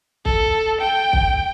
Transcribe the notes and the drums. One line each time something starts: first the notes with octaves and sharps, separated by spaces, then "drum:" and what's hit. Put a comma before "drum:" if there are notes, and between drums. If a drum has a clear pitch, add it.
A4, drum: kick
G5
drum: kick